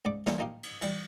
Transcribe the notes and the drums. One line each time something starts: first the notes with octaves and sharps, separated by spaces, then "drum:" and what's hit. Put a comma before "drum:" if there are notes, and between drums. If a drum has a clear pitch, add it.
C#2 G#2 D5 D6
E3 G3 A#3 C#4 D#4, drum: snare
F3 A#3 D#4 G4 F5
drum: cymbal
E3 G3, drum: cymbal